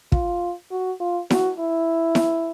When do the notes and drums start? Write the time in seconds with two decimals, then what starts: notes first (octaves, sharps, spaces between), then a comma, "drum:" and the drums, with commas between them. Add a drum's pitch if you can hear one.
0.12 F4, drum: kick
0.71 F#4
1.00 F4
1.30 F#4, drum: snare E4
1.59 E4
2.15 drum: snare E4